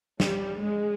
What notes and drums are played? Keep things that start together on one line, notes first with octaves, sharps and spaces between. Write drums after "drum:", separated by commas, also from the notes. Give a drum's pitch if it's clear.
G3, drum: snare
G#3